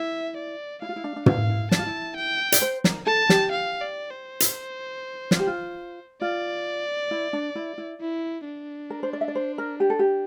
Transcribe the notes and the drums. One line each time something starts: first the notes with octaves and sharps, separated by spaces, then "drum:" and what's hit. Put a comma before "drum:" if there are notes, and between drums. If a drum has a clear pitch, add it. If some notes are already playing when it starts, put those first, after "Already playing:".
Already playing: E4 E5
D5
E4 F5
F4
E4
D4
D4
E4 F5, drum: tom
E4
E4 A5, drum: snare
F4
E4
G5
D5, drum: hi-hat
C5
A#4, drum: snare
A4 A5
G4, drum: snare
F5
D5
C5
drum: hi-hat
F4, drum: snare
G4
F4
F4 D5
E4
D4
E4
E4
E4
D4
A#4
C5
D5
E5
D5
C5
A#4
G4
A4
G4